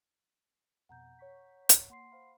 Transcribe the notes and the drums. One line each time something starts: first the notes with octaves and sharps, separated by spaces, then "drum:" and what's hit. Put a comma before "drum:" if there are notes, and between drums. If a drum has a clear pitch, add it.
F2 B2 F#5 A#5 G6
C#5 C#6 B6
drum: hi-hat
A#3 F#5 C6 C7
C5 F5 B5